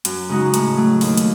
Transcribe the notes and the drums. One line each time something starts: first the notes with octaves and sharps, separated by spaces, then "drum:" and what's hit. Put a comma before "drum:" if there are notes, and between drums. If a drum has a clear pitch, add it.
F#2, drum: hi-hat
C#3 G#3 D#4 F#4
A2, drum: hi-hat
F#3 A3
D#2, drum: open hi-hat
drum: hi-hat